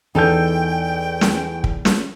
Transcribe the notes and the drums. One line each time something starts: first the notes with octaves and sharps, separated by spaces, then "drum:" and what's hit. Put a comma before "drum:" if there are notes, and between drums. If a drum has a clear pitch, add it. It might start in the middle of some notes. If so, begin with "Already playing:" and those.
E2 D#4 A4 G5 G6
drum: snare
drum: kick
drum: snare